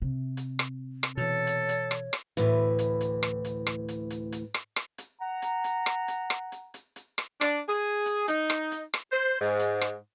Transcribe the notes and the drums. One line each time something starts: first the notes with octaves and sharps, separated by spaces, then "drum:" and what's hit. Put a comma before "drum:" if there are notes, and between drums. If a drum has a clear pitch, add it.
C3
drum: hi-hat
drum: rim click
drum: rim click
B2 E3 A4 C#5
drum: hi-hat
drum: hi-hat
drum: rim click
drum: rim click
D2 A2 E3, drum: hi-hat
drum: hi-hat
drum: hi-hat
drum: rim click
drum: hi-hat
drum: rim click
drum: hi-hat
drum: hi-hat
drum: hi-hat
drum: rim click
drum: rim click
drum: hi-hat
F#5 A#5
drum: hi-hat
drum: hi-hat
drum: rim click
drum: hi-hat
drum: rim click
drum: hi-hat
drum: hi-hat
drum: hi-hat
drum: rim click
D4, drum: rim click
G#4
drum: hi-hat
D#4, drum: hi-hat
drum: rim click
drum: hi-hat
drum: rim click
C5
G#2
drum: hi-hat
drum: rim click